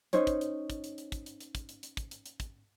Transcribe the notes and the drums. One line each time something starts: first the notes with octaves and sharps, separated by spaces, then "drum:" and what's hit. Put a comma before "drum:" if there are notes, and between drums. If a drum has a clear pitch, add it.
C#4 D#4 C5 C#5, drum: hi-hat
drum: kick, hi-hat
drum: hi-hat
drum: kick, hi-hat
drum: hi-hat
drum: hi-hat
drum: kick, hi-hat
drum: hi-hat
drum: hi-hat
drum: kick, hi-hat
drum: hi-hat
drum: hi-hat
drum: kick, hi-hat
drum: hi-hat
drum: hi-hat
drum: kick, hi-hat